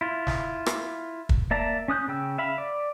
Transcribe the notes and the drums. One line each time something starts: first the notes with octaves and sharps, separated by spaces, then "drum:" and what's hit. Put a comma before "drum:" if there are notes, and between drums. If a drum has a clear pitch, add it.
E4 F4
drum: snare
drum: rim click
drum: kick
A#3 D5 E5 A5 A#5
C#4 D#6 F#6 G6
C#3 G5 E6
E5 F5 B5
D5